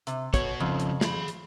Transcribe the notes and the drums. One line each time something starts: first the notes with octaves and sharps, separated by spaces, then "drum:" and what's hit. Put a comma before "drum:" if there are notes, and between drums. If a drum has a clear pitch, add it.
C3, drum: hi-hat
B3 F#4 C#5, drum: kick, hi-hat
F2 C#3 F3
drum: hi-hat
G#4 B5, drum: snare
drum: hi-hat